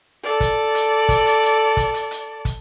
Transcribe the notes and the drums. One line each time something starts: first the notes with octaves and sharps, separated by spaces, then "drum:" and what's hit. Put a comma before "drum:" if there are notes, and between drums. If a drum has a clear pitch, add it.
A4 D5
drum: kick, hi-hat
drum: hi-hat
drum: kick, hi-hat
drum: hi-hat
drum: hi-hat
drum: kick, hi-hat
drum: hi-hat
drum: hi-hat
drum: kick, hi-hat